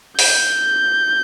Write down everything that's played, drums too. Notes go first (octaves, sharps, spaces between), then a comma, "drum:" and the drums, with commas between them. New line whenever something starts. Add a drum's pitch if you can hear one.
G6, drum: open hi-hat